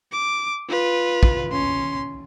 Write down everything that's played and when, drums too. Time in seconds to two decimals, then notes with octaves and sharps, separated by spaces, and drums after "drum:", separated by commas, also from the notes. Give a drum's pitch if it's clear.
0.12 D6
0.69 F4 B4
1.23 drum: kick
1.52 C#4 C6